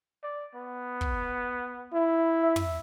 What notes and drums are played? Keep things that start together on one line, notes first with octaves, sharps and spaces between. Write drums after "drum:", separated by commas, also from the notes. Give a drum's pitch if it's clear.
D5
B3
drum: kick
E4
E5
drum: tom